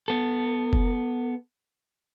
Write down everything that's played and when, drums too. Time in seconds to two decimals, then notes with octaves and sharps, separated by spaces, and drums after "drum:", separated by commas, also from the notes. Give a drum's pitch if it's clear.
0.08 B3 A4
0.73 drum: kick F#1